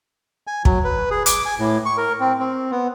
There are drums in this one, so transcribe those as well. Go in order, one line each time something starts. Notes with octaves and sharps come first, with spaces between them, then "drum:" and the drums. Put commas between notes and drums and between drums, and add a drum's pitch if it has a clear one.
G#5
F#3, drum: kick
B4
G#4
D6, drum: hi-hat
G#5
A2
C#6
A#4
C4
C4
B3